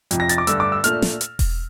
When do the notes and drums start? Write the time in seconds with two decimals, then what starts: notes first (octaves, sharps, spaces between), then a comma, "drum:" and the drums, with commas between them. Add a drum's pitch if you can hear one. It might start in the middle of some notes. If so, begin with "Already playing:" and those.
0.11 F2 C3 F3, drum: hi-hat
0.20 A#6
0.29 A6, drum: hi-hat
0.38 D6
0.47 G2 D3 A3 D4 E6, drum: hi-hat
0.60 D6
0.72 E6
0.84 A#2 A3 D4 F6, drum: hi-hat
1.02 drum: snare
1.21 drum: hi-hat
1.39 drum: kick E1, open hi-hat